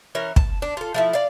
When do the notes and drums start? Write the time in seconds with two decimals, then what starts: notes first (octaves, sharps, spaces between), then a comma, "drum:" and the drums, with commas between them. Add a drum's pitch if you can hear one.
0.15 E3 C#4 A#4
0.36 A5, drum: kick
0.62 D4
0.77 F4 A4
0.94 F3 A3 E4
1.13 D5 F5